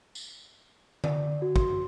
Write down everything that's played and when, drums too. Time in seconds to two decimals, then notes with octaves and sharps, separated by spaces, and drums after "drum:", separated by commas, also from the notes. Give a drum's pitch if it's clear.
0.15 drum: tambourine
1.04 D5, drum: tom D3
1.42 F#4
1.56 C6, drum: kick